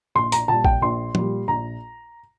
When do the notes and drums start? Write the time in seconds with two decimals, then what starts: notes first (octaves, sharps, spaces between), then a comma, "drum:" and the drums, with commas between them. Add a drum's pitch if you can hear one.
0.15 A#1 C6
0.32 A#5, drum: hi-hat
0.48 A#2 G3 A5
0.65 G5, drum: kick A#1
0.81 A#1 C6
1.15 A#2 G3, drum: tom F3
1.48 A#1 A#5